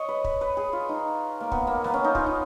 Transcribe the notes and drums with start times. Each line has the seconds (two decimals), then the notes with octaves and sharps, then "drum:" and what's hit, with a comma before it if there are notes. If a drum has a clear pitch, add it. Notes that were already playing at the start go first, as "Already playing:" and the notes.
Already playing: C#5 D#5
0.09 B4
0.24 B4, drum: kick
0.41 B4
0.57 G#4
0.73 F4
0.89 D#4
1.41 A#3
1.52 B3, drum: kick
1.67 A#3
1.84 B3, drum: snare
1.94 C#4
2.04 D#4
2.15 F4, drum: kick
2.26 D#4